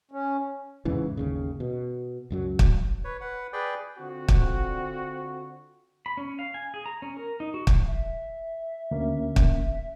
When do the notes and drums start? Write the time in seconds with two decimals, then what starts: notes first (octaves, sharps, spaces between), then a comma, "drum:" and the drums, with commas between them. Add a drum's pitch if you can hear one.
0.11 C#4
0.85 E2 G#2 C#3 E3
1.17 G1 D#2 C#3
1.60 B2
2.30 C#2 F#2 F#3
2.59 drum: kick
3.04 B4 C#5
3.21 B4 F#5
3.53 G#4 B4 D5 G5
3.98 D3 C4 F4 F#4
4.28 drum: kick
6.06 B5
6.17 C#4
6.39 F5
6.54 G#5
6.74 G#4
6.86 A#5
7.02 C#4
7.17 A#4
7.40 D#4
7.54 F#4
7.67 F3, drum: kick
7.88 E5
8.91 D2 A#3 C#4
9.36 drum: kick